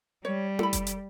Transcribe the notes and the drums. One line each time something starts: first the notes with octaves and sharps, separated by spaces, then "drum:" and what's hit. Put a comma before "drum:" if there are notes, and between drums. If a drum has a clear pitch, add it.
G3 C#5
A4 B5, drum: tom E4
drum: kick F1, hi-hat
drum: hi-hat